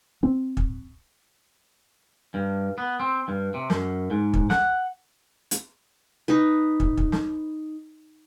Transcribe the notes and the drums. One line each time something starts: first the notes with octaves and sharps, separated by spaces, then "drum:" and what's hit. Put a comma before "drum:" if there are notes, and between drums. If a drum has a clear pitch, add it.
C4
drum: kick
G2
B3
C4
G2
C3
F#2, drum: snare
G#2
drum: kick
F#5, drum: snare
drum: hi-hat
D#4 B4
drum: kick
drum: kick
drum: snare